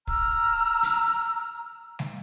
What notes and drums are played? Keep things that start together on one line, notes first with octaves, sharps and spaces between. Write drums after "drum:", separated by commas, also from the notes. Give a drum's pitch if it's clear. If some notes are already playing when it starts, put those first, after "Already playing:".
A#5 E6 F6, drum: kick
drum: hi-hat
drum: snare G3